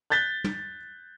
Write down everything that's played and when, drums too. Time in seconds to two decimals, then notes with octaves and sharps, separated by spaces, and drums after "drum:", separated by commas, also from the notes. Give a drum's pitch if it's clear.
0.10 F#6 G6 A6 B6 G7
0.44 drum: tom